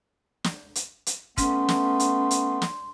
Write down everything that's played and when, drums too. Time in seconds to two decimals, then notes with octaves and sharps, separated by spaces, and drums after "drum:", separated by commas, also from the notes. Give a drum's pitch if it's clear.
0.44 drum: snare
0.75 drum: hi-hat
1.06 drum: hi-hat
1.38 A3 B3 C#4 C6, drum: kick, hi-hat
1.69 drum: snare
2.00 drum: hi-hat
2.31 drum: hi-hat
2.62 drum: snare